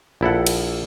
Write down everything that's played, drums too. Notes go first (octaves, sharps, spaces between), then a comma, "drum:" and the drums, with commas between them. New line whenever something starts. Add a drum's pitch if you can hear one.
A#1 E4 A4 F#5
drum: cymbal